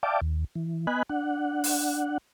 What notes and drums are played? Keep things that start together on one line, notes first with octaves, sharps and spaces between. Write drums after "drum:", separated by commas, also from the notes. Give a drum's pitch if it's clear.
D5 E5 F5 G5 A5 D6
D#2
E3
B3 D#5 G#5 B5 F#6
D4 F#5
drum: open hi-hat